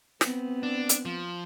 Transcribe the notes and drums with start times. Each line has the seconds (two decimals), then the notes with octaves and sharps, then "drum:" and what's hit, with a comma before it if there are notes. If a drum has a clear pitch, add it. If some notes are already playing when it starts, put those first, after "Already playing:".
0.21 B3 C4, drum: snare
0.63 D4
0.89 drum: hi-hat
1.05 F3